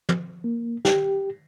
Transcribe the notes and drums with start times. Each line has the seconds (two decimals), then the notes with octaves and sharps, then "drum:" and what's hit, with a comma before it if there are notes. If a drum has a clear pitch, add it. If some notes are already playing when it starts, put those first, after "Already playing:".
0.09 drum: tom
0.44 A#3
0.85 G4, drum: snare